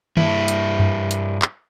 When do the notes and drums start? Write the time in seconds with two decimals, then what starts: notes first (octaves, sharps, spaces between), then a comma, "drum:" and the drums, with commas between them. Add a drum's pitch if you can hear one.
0.17 G2 E4, drum: tom
0.48 drum: hi-hat
0.79 drum: tom F#2
1.11 drum: hi-hat
1.42 drum: clap